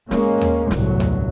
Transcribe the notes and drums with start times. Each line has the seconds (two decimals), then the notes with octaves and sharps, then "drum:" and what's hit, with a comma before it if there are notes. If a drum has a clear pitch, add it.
0.11 G#3 A#3 C#4, drum: snare
0.41 drum: tom D#2
0.71 G1 C2 A2 F#3, drum: snare
1.00 drum: tom D#2